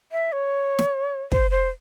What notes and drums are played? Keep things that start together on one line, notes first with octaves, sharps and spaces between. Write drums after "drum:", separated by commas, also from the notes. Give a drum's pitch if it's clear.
E5
C#5
drum: snare
C5, drum: kick
C5